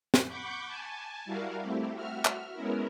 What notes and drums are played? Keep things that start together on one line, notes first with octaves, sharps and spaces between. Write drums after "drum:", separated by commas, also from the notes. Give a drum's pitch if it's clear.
drum: snare
F#5 B5 C#6 D6 G6
G#5 A5
G3 E4 F#4 A#4 F5
A3 C4 E4 G4
F#4 E5 F6
drum: clap
G#3 B3 C#4 E4 A#4